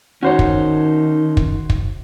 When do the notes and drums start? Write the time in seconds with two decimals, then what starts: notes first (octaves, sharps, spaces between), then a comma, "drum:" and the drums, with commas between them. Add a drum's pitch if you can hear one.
0.23 D#3 C#4 D#4 F#4 C5 C#5
0.39 drum: kick
1.37 drum: kick
1.70 drum: kick